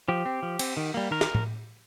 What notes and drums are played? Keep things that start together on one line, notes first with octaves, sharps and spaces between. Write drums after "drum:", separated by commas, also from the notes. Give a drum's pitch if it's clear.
F3 G4
C4
F3
C4, drum: cymbal
D#3
G3 A#3
D#3 A#4
drum: snare
drum: tom A2